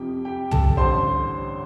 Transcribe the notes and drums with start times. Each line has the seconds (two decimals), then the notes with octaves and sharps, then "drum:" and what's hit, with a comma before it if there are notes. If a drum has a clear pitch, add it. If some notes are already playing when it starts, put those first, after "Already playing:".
Already playing: F2 C3 F3 G4 G5
0.25 G4 G5
0.51 A4 A5, drum: tom
0.77 A1 G2 D3 G3 C5 C6